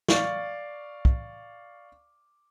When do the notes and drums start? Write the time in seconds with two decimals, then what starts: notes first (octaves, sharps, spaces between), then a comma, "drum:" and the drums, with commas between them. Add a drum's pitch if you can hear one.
0.08 D5 F5 C#6, drum: snare
1.05 drum: kick